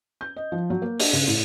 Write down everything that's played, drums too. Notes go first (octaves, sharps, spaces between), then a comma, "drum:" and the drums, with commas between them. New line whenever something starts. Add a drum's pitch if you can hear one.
G6
D#5
F3
F#3
A#3
D4, drum: open hi-hat
C#3
A2